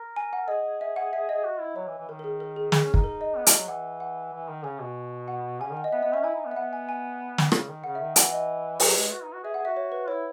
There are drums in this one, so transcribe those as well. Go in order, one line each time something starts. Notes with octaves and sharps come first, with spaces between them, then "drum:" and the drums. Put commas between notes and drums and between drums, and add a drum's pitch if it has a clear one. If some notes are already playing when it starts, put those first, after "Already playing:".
Already playing: A#4
G#5
F#5
G#4 D#5
E5
F#5
E5
D#5
F#4
E4
F#3 C#5
E3
E3
D#3 A#4
A#4
G#4
A#4
G#4
D#3 G#4, drum: snare
C#4
D#4, drum: kick
A#4
D#5
B3
A#3, drum: hi-hat
F#3
E3 F#5
F#5
E3
D#3
C#3 G#5
B2
F#5
C#3 G#5
D#3
F#5
D#5
B3 E5
B3 D#5
C#4 E5
E4 G#5
D#4
B3
E5
B3 F#5
G#5
G#5
drum: snare
C#3, drum: rim click
D#3
C#3 F#5
E5
D#3
E3 F#5, drum: hi-hat
D#5
F#3 B4, drum: open hi-hat
G#3
F#4
D#4
F#4
G#4 E5
G#4 F#5
F#4 E5
C#5
B4
E4 C#5